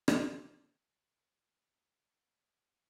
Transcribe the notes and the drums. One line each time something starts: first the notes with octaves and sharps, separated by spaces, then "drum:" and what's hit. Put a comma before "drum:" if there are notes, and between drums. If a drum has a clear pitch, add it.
drum: rim click
C3 F3 E4 G4 A4 B4
A2 B4 A5 D#6